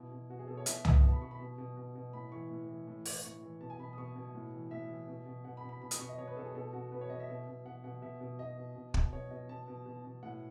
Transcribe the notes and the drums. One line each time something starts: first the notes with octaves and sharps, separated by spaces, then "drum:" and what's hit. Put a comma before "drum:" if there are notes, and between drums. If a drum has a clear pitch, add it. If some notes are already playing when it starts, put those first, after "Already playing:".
Already playing: B2 E4
B2
B2 F#4
G#4
B2 A4
C#5
B2 E5, drum: hi-hat
B2 F#5, drum: tom
B2 A5
B5
B2 C#6
B5
B2
B2
B2
B2
A2 B5
E3 C#6
A2
E3
A2
E3, drum: open hi-hat
A2 C#6
E3
B2 A5
G#5
B2 B5
D#6
B2 C#6
B2
A2
E3
A2 E5
E3
B2
B2
B2 F#5
B5
B2
B5
B2 B5
D#6, drum: hi-hat
B2 C#6
D#5
B2 C#5
B4
B2 A4
G#4
B2 A4
B2 F#4
B2 B4
C#5
B2 D#5
E5
B2
B2
B2 F#5
B2 F#5
B2 E5
B2
B2 D#5
B2
B2
B2, drum: kick
B2 C#5
B2 D#5
B2 A5
B2
B2
B2
A2 F#5